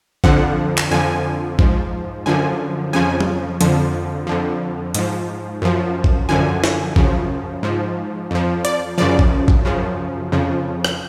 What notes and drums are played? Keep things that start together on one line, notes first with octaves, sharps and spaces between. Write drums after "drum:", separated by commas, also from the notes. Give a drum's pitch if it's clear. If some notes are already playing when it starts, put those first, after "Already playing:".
F2 D3 F3 F#5, drum: kick A1
drum: clap
F2 D3 F3 G#5
G#2 F3, drum: kick A1
F#2 D3 F3 G#5
F2 C#3 F3 G#5
drum: tom F#3
F2 D3 F3, drum: hi-hat
F2 D3 F3
G#2 F3, drum: hi-hat
F#2 F3
drum: kick A1
F#2 D3 F3 G#5
drum: snare
F#2 C#3 F3, drum: kick A1
G#2 F3
F2 F3
D5, drum: hi-hat
F#2 C#3 F3 D5
drum: kick A1
drum: kick A1
F#2 C#3 F3
F2 C#3 F3
drum: rim click